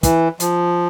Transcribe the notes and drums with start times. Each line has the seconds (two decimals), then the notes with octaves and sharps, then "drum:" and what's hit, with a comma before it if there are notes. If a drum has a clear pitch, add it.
0.03 E3, drum: kick, hi-hat
0.40 F3, drum: hi-hat